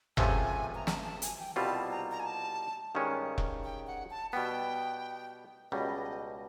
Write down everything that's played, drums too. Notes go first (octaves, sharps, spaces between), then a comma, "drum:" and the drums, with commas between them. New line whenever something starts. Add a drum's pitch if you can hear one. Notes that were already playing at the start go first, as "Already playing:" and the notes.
C#2 C3 F3 A3 G#5, drum: tom G1
A#5
A5, drum: snare
A5
G#5, drum: hi-hat
G5
C2 B2 G3 C4 F4 A5
A#5
A#5
G#5
A5
G2 D#3 G#3 C#4
drum: kick E1
G5
F#5
A5
B2 G3 B3 G5
C#2 B2 G3 D#5